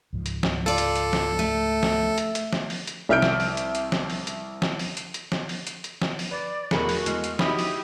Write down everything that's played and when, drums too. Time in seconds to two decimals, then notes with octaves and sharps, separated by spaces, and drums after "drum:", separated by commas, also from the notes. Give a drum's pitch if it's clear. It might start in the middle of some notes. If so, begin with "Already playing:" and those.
0.13 C#2 G#2 F3
0.26 drum: hi-hat
0.43 drum: snare
0.66 F4 A4 D5
0.78 drum: hi-hat
0.95 drum: hi-hat
1.13 drum: snare
1.39 A3
1.83 drum: snare
2.18 drum: hi-hat
2.35 drum: hi-hat
2.53 drum: snare
2.70 drum: open hi-hat
2.87 drum: hi-hat
3.09 C2 E5 F6 G6 D7
3.22 drum: snare
3.40 drum: open hi-hat
3.57 drum: hi-hat
3.75 drum: hi-hat
3.92 drum: snare
4.10 drum: open hi-hat
4.27 drum: hi-hat
4.62 drum: snare
4.79 drum: open hi-hat
4.97 drum: hi-hat
5.14 drum: hi-hat
5.32 drum: snare
5.49 drum: open hi-hat
5.67 drum: hi-hat
5.84 drum: hi-hat
6.02 drum: snare
6.19 drum: open hi-hat
6.31 B4 D5
6.71 E1 A3 F#4 G#4 A#4 B5 C#7, drum: snare
6.89 drum: open hi-hat
7.06 E2 G#3 F6 C7, drum: hi-hat
7.24 drum: hi-hat
7.39 D#4 E4 F#4 G4 B5 D#6, drum: snare
7.59 drum: open hi-hat